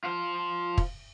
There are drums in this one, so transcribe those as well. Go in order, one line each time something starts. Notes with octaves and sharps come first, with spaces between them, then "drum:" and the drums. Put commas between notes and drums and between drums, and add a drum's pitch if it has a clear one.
F4 C5
drum: kick